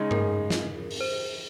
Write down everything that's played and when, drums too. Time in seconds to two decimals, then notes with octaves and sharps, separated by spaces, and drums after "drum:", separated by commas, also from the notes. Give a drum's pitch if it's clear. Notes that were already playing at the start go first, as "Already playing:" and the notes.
Already playing: C#3 G#3 D#4 G#4
0.11 A#4, drum: tom G2
0.50 drum: snare
0.91 drum: open hi-hat
1.01 C5